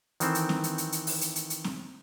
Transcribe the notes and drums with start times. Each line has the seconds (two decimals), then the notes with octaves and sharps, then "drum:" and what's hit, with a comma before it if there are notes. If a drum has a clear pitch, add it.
0.20 D#3 E3 C4 A4, drum: hi-hat
0.35 drum: hi-hat
0.49 drum: snare C4
0.64 drum: hi-hat
0.78 drum: hi-hat
0.92 drum: hi-hat
1.07 drum: open hi-hat
1.21 drum: hi-hat
1.36 drum: hi-hat
1.50 drum: hi-hat
1.64 drum: snare C4